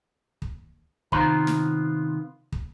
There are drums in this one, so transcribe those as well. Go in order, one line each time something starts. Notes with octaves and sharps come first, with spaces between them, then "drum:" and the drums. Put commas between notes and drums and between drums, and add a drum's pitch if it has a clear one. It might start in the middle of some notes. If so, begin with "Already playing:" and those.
drum: kick
C3 D#3 B3 F4 C5 A#5, drum: kick
drum: snare
drum: kick